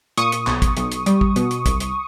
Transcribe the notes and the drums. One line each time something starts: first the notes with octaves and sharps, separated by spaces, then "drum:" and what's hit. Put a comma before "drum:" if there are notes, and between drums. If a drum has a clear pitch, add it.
A#2 C#6 D#6, drum: hi-hat
drum: hi-hat
B1, drum: clap
drum: kick, hi-hat
B1, drum: hi-hat
drum: hi-hat
G3, drum: hi-hat
drum: kick
B2, drum: hi-hat
drum: hi-hat
C2, drum: kick, hi-hat
drum: hi-hat